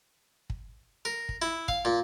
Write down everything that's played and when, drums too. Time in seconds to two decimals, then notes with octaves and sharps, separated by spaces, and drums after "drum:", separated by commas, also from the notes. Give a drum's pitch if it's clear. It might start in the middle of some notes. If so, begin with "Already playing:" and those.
0.50 drum: kick
1.05 A#4
1.29 drum: kick
1.42 E4
1.68 F5, drum: kick
1.85 A#2